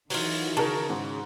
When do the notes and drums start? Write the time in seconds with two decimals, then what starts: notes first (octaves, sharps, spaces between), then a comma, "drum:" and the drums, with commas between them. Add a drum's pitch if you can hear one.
0.10 D#3 E3 F#3 F4 F#4, drum: open hi-hat
0.57 C#3 A#4 A5
0.90 G#2